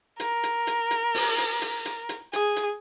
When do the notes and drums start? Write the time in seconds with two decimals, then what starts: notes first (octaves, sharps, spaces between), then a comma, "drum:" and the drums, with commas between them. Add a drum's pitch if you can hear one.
0.20 A#4, drum: hi-hat
0.43 drum: hi-hat
0.67 drum: hi-hat
0.91 drum: hi-hat
1.14 drum: open hi-hat
1.38 drum: hi-hat
1.62 drum: hi-hat
1.85 drum: hi-hat
2.09 drum: hi-hat
2.33 G#4, drum: hi-hat
2.56 drum: hi-hat